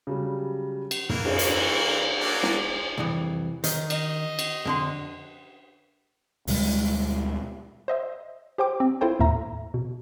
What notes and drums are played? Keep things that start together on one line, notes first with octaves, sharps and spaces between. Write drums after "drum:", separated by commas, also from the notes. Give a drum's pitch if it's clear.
C#3 F#3 G3
drum: cymbal
E3 A#3, drum: tom
drum: cymbal
drum: hi-hat
F#3 A#3 D4
drum: snare
C2 F2 E3
D#3 D#5, drum: hi-hat
D#5, drum: cymbal
drum: cymbal
F2 D3 C6
D2 B2 G3 G#3, drum: open hi-hat
C5 D#5 E5
G4 C5 G5 D6
C4
E4 F4 A4 C5 G5
D#2 A2 E5 A#5
B2